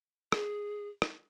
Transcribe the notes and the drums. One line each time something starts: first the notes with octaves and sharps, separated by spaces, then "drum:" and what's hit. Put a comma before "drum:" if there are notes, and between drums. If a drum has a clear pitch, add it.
G#4, drum: rim click
drum: rim click